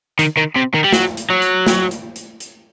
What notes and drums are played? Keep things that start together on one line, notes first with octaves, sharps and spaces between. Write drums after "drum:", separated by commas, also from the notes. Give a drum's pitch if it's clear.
D#3, drum: hi-hat
D#3
C3
D#3
G3
F#3, drum: snare
drum: hi-hat
F#3
drum: hi-hat
drum: snare
drum: hi-hat
drum: hi-hat
drum: hi-hat